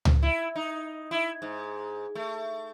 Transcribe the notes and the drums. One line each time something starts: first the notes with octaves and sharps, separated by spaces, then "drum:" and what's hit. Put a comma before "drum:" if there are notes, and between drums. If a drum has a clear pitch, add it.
drum: tom C#2
E4
D#4
E4
G#2
A3